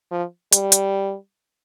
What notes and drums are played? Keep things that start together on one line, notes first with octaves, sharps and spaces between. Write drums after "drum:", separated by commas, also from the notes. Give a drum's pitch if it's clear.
F3
G3, drum: hi-hat
drum: hi-hat